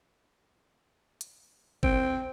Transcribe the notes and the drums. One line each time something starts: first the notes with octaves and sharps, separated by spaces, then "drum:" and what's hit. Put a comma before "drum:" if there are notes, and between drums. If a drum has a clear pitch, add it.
drum: hi-hat
C4, drum: kick G1